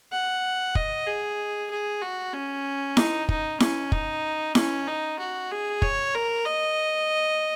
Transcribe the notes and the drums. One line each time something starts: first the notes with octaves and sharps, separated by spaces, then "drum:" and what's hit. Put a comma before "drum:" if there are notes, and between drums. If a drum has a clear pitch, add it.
F#5
D#5, drum: kick
G#4
G#4
F#4
C#4
D#4, drum: snare E4
D#4, drum: kick
C#4, drum: snare E4
D#4, drum: kick
C#4, drum: snare E4
D#4
F#4
G#4
C#5, drum: kick
A#4
D#5